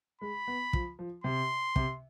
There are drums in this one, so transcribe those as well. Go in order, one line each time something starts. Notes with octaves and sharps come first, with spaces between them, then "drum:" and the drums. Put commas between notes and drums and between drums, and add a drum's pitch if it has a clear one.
G#3 B5
B3
F3, drum: kick
F3
C3 C6
C3, drum: kick